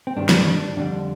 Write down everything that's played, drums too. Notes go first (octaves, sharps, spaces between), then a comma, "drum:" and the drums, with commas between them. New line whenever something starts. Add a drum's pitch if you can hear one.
C4
G2 D#3 G3 D4
drum: snare
D4
F2 D3 G3 D4